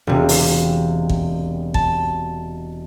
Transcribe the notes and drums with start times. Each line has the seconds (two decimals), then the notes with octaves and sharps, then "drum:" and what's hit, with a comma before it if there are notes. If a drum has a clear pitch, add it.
0.07 E1 C3
0.29 drum: open hi-hat
1.09 drum: kick G#1
1.74 A5, drum: kick G#1